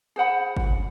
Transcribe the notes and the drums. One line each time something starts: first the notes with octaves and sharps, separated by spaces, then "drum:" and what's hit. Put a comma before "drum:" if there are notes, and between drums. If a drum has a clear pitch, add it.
G#4 C5 F#5 B5
drum: kick G1